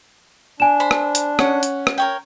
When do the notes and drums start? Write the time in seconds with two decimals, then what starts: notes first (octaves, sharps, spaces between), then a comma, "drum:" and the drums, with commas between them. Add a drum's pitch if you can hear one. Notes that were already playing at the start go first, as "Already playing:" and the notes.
0.60 D4 G#5 E7
0.80 C5 B5
0.91 drum: rim click
1.15 drum: hi-hat
1.39 C#4 F#5, drum: rim click
1.63 drum: hi-hat
1.87 drum: rim click
1.98 A#4 C#5 G5